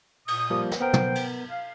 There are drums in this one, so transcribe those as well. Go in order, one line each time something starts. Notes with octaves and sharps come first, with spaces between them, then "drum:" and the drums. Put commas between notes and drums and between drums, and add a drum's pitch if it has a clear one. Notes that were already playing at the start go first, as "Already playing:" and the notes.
A#2 D#6, drum: cymbal
F3 G3 A#3
drum: snare
B3 A#4 C5 G5
drum: tom
drum: cymbal
F5